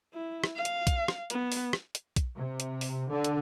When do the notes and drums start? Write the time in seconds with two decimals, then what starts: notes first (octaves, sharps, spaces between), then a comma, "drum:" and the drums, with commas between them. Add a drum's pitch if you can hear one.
0.14 E4
0.44 drum: rim click
0.56 F5
0.65 drum: hi-hat
0.87 drum: kick B1, hi-hat
1.08 drum: rim click
1.30 B3, drum: hi-hat
1.52 drum: open hi-hat
1.73 drum: rim click
1.95 drum: hi-hat
2.16 drum: kick B1, hi-hat
2.35 C3
2.60 drum: hi-hat
2.81 drum: open hi-hat
3.09 D3
3.24 drum: hi-hat